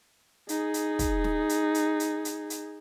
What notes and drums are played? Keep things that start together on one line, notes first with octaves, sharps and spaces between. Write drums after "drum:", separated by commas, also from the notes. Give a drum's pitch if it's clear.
D#4 G#4, drum: hi-hat
drum: hi-hat
drum: kick, hi-hat
drum: snare
drum: hi-hat
drum: hi-hat
drum: hi-hat
drum: hi-hat
drum: hi-hat